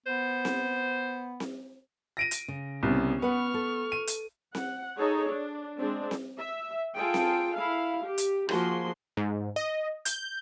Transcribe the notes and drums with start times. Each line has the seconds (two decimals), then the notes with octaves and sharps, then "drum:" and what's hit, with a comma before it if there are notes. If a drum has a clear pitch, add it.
0.06 B3 C5
0.45 drum: snare C4
1.40 drum: snare C4
2.17 A#6 D7 D#7
2.31 drum: hi-hat
2.48 C#3
2.83 C2 B3 C#4
3.22 B3 B4 F#5 C#6 F6
3.54 A4
3.92 D#7
4.07 drum: hi-hat
4.55 F#5, drum: snare C4
4.97 D#4 G#4 A4 C#5
5.28 D4
5.78 G#3 C4 D4
6.11 drum: snare C4
6.38 E5
6.96 F4 G#4 A4 G5
7.14 drum: snare C4
7.55 E4 F5
8.03 G4
8.18 drum: hi-hat
8.49 F3 A#3 F#4 G#4 C6, drum: rim click
9.17 G#2
9.56 D#5
10.05 G6, drum: hi-hat